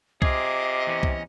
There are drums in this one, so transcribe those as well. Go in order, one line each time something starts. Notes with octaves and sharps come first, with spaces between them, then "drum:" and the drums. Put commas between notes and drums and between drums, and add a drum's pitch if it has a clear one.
C3 F4 G#4 D#5 D6, drum: kick C2
E2 E3 C#4
drum: kick C2